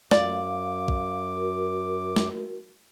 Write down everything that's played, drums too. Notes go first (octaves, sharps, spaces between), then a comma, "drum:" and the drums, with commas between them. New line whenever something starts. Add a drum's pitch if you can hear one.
F#2 D5 F5 D6, drum: snare
drum: kick
F#4 A#4
drum: snare